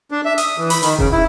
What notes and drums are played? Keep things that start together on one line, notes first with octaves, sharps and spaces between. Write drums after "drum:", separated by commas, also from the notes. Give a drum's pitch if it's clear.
D4
E5
D#6, drum: hi-hat
E3
B5, drum: open hi-hat
D#3, drum: hi-hat
C#3, drum: kick E1
E4